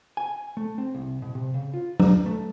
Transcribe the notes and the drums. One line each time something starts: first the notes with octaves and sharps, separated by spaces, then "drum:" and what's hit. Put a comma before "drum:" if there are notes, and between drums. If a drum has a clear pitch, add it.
G#5
A3
C4
C2
B2
C3
C#3
F4
A#5, drum: tom F#3
A3